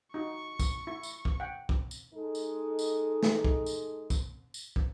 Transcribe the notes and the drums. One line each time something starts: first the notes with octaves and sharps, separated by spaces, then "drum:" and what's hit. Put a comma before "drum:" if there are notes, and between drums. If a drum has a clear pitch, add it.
D#4 F#4 C#6
drum: kick, tambourine
E4
drum: tambourine
drum: kick
F#5 G5
drum: kick
drum: tambourine
G#3 D#4 A4
drum: tambourine
drum: tambourine
drum: snare
drum: kick
drum: tambourine
drum: kick, tambourine
drum: tambourine
drum: kick